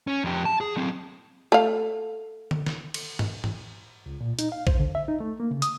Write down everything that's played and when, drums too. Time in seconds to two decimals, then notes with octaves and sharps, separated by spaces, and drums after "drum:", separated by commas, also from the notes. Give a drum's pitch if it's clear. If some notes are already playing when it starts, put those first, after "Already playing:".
0.07 C#4
0.24 F2 G4
0.45 A5
0.61 G#4
0.76 F#3 C4
1.52 A3 F5
2.51 drum: tom D3
2.66 drum: snare
2.94 drum: cymbal
3.19 drum: tom G#2
3.44 drum: tom G#2
4.06 C#2
4.21 A#2
4.39 D#4, drum: hi-hat
4.52 F5
4.67 C5, drum: kick
4.79 D3
4.95 E5
5.08 D#4
5.20 A3
5.40 A#3
5.51 C#3
5.62 D#6, drum: hi-hat